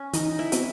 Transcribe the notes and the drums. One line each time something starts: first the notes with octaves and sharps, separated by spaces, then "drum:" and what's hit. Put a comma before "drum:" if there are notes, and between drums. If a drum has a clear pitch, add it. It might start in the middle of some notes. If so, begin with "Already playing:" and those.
Already playing: C#4
E3 D#4, drum: hi-hat
E4
C4 F#4, drum: hi-hat